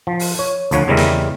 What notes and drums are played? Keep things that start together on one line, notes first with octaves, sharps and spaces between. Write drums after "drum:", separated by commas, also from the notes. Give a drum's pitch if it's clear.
F3
drum: open hi-hat
C#5
D2 F3 C#5 F#5, drum: hi-hat
E2 C#3 G3 G#3 A#4 E5
drum: snare